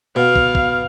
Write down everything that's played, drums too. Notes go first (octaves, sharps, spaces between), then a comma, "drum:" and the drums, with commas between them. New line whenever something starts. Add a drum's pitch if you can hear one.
B2 F5
drum: kick
drum: kick